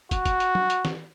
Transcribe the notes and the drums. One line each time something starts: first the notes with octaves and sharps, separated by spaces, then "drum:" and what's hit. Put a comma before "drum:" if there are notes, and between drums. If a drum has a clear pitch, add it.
F#4, drum: kick, hi-hat
drum: kick, hi-hat
drum: hi-hat
drum: tom
drum: hi-hat
drum: snare